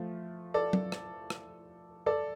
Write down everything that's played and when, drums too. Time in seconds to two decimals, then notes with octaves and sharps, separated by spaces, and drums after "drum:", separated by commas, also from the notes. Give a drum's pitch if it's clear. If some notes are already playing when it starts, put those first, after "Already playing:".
Already playing: F3 A3 F4
0.54 A4 D5
0.73 drum: tom F#3
0.92 drum: rim click
1.30 drum: rim click
2.06 A4 D5